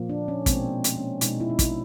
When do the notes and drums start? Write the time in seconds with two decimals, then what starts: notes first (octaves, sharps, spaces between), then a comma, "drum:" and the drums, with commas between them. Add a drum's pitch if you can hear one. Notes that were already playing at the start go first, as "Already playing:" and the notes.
Already playing: A#2 F3 A#3
0.09 D4
0.28 C#4
0.46 B2 G#3 C4, drum: kick, hi-hat
0.84 drum: hi-hat
0.97 C#4
1.21 B2 G#3 D#4, drum: hi-hat
1.40 E4
1.49 D#4
1.59 E4, drum: kick, hi-hat